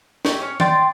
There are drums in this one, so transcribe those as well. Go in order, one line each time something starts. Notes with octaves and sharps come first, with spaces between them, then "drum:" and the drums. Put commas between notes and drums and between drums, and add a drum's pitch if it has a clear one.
G4 C#5 D5 E5, drum: snare
C#4 C#5
D5 G5 C6 D6, drum: tom